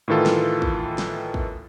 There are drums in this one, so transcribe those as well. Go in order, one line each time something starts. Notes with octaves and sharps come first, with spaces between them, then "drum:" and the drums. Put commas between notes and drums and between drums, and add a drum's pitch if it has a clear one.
A2 D#3 E3 F4 A4
drum: snare
drum: kick
drum: snare
drum: kick